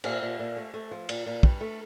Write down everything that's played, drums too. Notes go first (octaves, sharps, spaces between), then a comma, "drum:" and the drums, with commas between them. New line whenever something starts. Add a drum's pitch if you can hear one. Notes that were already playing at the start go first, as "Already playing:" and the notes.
A#2 F5, drum: cymbal
A#2
A#2
A3
A3
F3
A#2, drum: cymbal
A#2
G2, drum: kick
A3